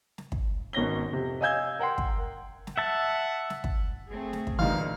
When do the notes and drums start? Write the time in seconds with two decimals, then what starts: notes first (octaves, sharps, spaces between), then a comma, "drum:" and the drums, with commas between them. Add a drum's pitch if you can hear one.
0.18 drum: snare
0.32 drum: kick
0.73 G#1 B2 C#4 A#6 G7
1.10 F2 C3
1.41 D#5 F5 G#5 E6 G6 G#6
1.79 A#4 F#5 G5 C6
1.98 drum: kick
2.67 drum: snare
2.78 E5 F#5 A5
3.50 drum: snare
3.64 drum: kick
4.09 A3 C4 G#4
4.33 drum: snare
4.47 drum: kick
4.59 D2 A#2 E3 G3 D#4 F5 F6